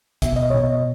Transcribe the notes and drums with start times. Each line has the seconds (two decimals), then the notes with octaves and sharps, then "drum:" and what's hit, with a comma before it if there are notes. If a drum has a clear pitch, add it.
0.22 B2 E5, drum: kick, hi-hat
0.36 D#5
0.50 B2 C#5
0.64 D#5